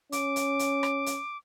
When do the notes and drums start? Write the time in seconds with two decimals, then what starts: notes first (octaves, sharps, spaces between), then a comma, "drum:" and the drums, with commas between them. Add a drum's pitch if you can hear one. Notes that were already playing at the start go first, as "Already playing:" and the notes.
0.12 C#4 D6, drum: hi-hat
0.36 drum: hi-hat
0.59 drum: hi-hat
0.83 drum: rim click
1.06 drum: hi-hat